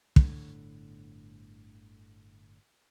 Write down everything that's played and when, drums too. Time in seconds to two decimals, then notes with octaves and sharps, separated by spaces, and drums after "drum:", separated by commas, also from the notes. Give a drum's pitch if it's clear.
0.16 G1 A2 D3, drum: kick